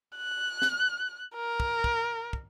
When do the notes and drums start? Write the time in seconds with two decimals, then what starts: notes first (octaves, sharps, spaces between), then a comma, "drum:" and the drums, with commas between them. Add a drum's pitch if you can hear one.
0.16 F#6
0.62 drum: snare
1.35 A#4
1.60 drum: kick
1.84 drum: kick
2.33 drum: kick